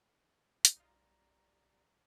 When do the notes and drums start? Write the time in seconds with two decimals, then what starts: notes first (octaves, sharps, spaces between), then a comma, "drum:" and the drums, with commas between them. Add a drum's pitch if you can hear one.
0.65 drum: hi-hat
0.76 B1 G3 D#4 F4 D5 A#5